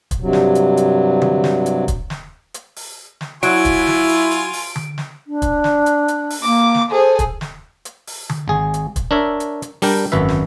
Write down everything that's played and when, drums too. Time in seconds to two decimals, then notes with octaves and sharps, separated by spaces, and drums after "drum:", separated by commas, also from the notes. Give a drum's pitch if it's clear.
0.11 drum: kick, hi-hat
0.21 G2 C3 F#3
0.33 drum: snare
0.55 drum: hi-hat
0.77 drum: hi-hat
1.22 drum: tom D3
1.44 drum: snare
1.66 drum: hi-hat
1.88 drum: kick, hi-hat
2.10 drum: snare
2.54 drum: hi-hat
2.76 drum: open hi-hat
3.21 drum: snare
3.43 F#3 E4 F4 G#5 C#6 D7, drum: hi-hat
3.65 drum: kick, hi-hat
3.87 drum: snare
4.09 drum: hi-hat
4.31 drum: hi-hat
4.53 drum: open hi-hat
4.75 drum: tom D3
4.98 drum: snare
5.27 D4
5.42 drum: kick, hi-hat
5.64 drum: snare
5.86 drum: hi-hat
6.08 drum: hi-hat
6.30 drum: open hi-hat
6.43 A#3 D6
6.75 drum: snare
6.91 G#4 A4 C5
7.19 drum: kick, hi-hat
7.41 drum: snare
7.85 drum: hi-hat
8.07 drum: open hi-hat
8.29 drum: tom D3
8.48 G#1 G#4
8.74 drum: hi-hat
8.96 drum: kick, hi-hat
9.11 D4 A#4 C#5 E5
9.40 drum: hi-hat
9.62 drum: hi-hat
9.82 G3 D4 A#4 G5, drum: open hi-hat
10.12 G#1 F#2 B4 E5
10.29 drum: snare